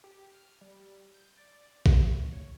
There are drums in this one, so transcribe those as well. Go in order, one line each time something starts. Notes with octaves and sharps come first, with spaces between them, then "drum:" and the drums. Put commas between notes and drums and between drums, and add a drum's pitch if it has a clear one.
G4
F6
G3
G6
D5
A3, drum: kick A#1
C#5